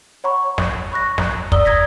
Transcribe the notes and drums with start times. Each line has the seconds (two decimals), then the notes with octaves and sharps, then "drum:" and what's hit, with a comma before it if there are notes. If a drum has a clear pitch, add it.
0.24 C#5 F#5 A#5 B5 C#6
0.58 drum: snare
0.92 B5 C#6 F#6 A#6
1.18 A#5 F#6, drum: snare
1.52 D5 A#5 D#6 E6 G7, drum: kick
1.65 A#5 D#6 G#6 A#6 B6